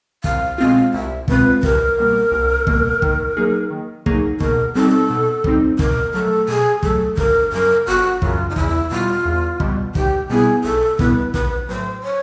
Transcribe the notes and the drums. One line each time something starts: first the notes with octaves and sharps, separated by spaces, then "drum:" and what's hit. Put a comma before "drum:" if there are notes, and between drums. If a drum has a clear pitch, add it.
C2 F5, drum: kick
B2 G#3 C4 F4 F5
C2 E5
B2 G#3 C4 F4 B4, drum: kick
C2 A#4, drum: kick
B2 G3 A#3
C2
B2 G3 A#3, drum: kick
D#3, drum: kick
F#3 A#3 D#4 G#4
D#3
F#3 A#3 D#4 G#4, drum: kick
B2 A#4, drum: kick
G3 C4 D#4 A4
B2
G3 C4 D#4, drum: kick
B2 A#4, drum: kick
F#3 A3 A4
B2 G#4
F#3 A3 A4, drum: kick
G1 A#4, drum: kick
F#2 C#3 F#3 A#4
G1 F#4
F#2 C#3 F#3 F4, drum: kick
D#4
E2 E4, drum: kick
B2 G3 F4
E2
B2 G3, drum: kick
B1 G4, drum: kick
B2 G3 B3 E4 G#4
B1 A4
B2 G3 B3 E4 B4, drum: kick
A#1 B4, drum: kick
A2 F#3 C5
C#5